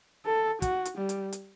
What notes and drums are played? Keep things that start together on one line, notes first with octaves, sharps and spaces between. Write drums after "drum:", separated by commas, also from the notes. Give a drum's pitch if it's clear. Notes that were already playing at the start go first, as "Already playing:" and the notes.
A4
F#4, drum: kick, hi-hat
drum: hi-hat
G3
drum: hi-hat
drum: hi-hat